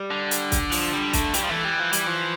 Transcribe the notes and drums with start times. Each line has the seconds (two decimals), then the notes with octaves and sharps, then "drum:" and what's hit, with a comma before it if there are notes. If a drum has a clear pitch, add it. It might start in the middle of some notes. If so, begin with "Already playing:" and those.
Already playing: G3
0.11 D3
0.31 drum: hi-hat
0.52 drum: kick, hi-hat
0.72 F3, drum: open hi-hat
0.93 G3
1.13 A3, drum: kick, hi-hat
1.34 E3 G3, drum: hi-hat
1.43 F3
1.49 E3 A3
1.64 G3
1.80 F3
1.93 G3, drum: hi-hat
2.07 F3